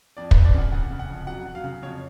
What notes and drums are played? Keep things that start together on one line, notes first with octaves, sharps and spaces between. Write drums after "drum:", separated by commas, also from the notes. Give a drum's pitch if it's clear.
F2 D5
B4, drum: kick
F2
D5
C#3 F#5
C#3 F#5
C#3
F#5
F2
F#3 F#5
F#3
F5
C#3
F2 C#5